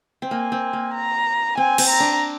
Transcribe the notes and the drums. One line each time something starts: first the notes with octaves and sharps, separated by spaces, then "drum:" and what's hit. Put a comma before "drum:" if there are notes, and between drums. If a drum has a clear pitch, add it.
C4
A#3 G#5
C4
A#3
A#5
C4 G#5
C4, drum: cymbal
A#5
D4